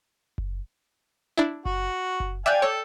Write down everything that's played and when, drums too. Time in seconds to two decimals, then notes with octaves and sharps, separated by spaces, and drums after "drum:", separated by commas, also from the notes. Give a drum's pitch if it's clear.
0.38 drum: kick F#1
1.38 D4 E4
1.66 F#4, drum: kick F#1
2.20 drum: kick F#1
2.46 D5 E5 F5 G5 G#5 F#6
2.62 A4 C#5